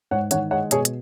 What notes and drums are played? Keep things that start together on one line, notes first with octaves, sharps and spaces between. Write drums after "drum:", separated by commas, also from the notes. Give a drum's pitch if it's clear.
G#2 C#5 F#5
D#3 C#5 F#5, drum: hi-hat
G#3 C#5 F#5
B2 G#4 C#5, drum: hi-hat
drum: hi-hat